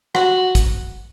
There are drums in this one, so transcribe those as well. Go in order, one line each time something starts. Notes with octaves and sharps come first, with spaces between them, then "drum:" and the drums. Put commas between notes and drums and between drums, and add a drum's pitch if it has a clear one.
F#4, drum: rim click
drum: kick, hi-hat